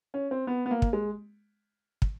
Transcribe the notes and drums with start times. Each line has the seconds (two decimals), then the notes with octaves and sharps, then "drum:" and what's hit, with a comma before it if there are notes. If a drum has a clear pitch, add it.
0.14 C#4
0.31 C4
0.47 B3
0.66 B3
0.71 A#3
0.82 drum: kick
0.93 G#3
2.02 drum: kick